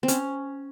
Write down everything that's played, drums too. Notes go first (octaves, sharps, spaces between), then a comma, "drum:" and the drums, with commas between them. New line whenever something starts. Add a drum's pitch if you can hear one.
C4
C#4, drum: hi-hat